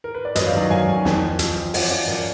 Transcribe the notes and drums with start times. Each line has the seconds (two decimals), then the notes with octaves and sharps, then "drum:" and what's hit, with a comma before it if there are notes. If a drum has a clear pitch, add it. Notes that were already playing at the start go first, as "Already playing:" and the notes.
0.04 A#4
0.15 B4
0.25 D5
0.35 F#2 B4 D#5, drum: hi-hat
0.47 D5 F5
0.53 D#3 F#3
0.71 F#2 F5 G#5
0.88 D#3 F#3
1.05 F2, drum: snare
1.22 F3
1.39 F2, drum: hi-hat
1.56 F3
1.74 F#2 D#5 F#5, drum: open hi-hat
1.90 F3 D5 F5
2.08 F#2 A#4 D5